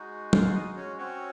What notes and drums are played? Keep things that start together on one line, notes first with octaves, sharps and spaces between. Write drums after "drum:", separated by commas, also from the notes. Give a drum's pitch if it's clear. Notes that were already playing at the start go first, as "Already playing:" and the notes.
Already playing: G#3 D#4 F#4
F4 F5, drum: tom
D#4 D#5
C#4 C#5
C4 C#4 F#4 C#5